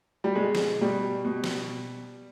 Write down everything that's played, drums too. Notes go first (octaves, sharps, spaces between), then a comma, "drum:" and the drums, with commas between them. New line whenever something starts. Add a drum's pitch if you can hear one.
G3
B2 G#3
drum: snare
B2 G3
B2
drum: snare